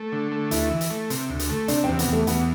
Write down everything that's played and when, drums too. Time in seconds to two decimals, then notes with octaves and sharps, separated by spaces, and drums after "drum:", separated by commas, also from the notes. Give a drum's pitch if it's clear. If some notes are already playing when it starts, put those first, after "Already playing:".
Already playing: A3
0.12 D3
0.32 A3
0.51 D2 E4, drum: hi-hat
0.70 E3
0.81 drum: hi-hat
0.90 A3
1.10 C3, drum: hi-hat
1.30 D2
1.39 drum: hi-hat
1.49 A3
1.68 C3 D4, drum: hi-hat
1.84 C4
1.89 E2
1.99 B3, drum: hi-hat
2.08 E2 A3
2.27 E2 B3, drum: hi-hat